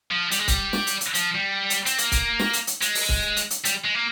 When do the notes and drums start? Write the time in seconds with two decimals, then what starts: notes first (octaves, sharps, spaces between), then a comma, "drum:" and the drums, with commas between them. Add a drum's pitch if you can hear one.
0.11 F3
0.31 G3, drum: hi-hat
0.39 G#3
0.48 G3, drum: kick C#1, hi-hat
0.73 drum: snare
0.87 drum: hi-hat
1.01 drum: hi-hat
1.14 F3, drum: hi-hat
1.35 G3
1.70 drum: hi-hat
1.86 C4, drum: hi-hat
1.98 A#3, drum: hi-hat
2.12 drum: kick C#1, hi-hat
2.39 drum: snare
2.53 drum: hi-hat
2.67 drum: hi-hat
2.82 G#3, drum: hi-hat
2.95 drum: open hi-hat
3.09 drum: kick C#1
3.37 drum: hi-hat
3.50 drum: hi-hat
3.65 G3, drum: hi-hat
3.85 G#3
3.95 A#3